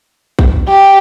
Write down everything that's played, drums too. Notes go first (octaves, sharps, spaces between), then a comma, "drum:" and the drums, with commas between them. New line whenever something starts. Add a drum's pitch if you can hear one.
drum: kick
G4